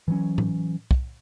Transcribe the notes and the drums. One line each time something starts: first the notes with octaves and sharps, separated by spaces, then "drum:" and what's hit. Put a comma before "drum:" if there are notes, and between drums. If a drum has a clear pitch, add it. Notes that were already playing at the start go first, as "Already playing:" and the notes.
E3 F#3 C#4
drum: tom A2
drum: kick